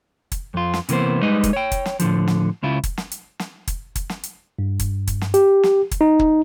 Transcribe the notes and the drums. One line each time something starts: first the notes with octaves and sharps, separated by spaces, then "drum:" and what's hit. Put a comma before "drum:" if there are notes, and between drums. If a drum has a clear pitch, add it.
drum: kick, hi-hat
F2 F4
drum: snare
C3 E3 A#3 B3 C5, drum: hi-hat
G3 G#3 D#4 B4 D#5
drum: kick, hi-hat
C#5 G5
drum: kick, hi-hat
drum: snare
A2 D3 F3, drum: hi-hat
drum: snare
C#2 C#3 E4 F4
drum: kick, hi-hat
drum: snare
drum: hi-hat
drum: snare
drum: kick, hi-hat
drum: kick, hi-hat
drum: snare
drum: hi-hat
G2
drum: kick, hi-hat
drum: kick, hi-hat
drum: snare
G4, drum: hi-hat
drum: snare
drum: kick, hi-hat
D#4
drum: kick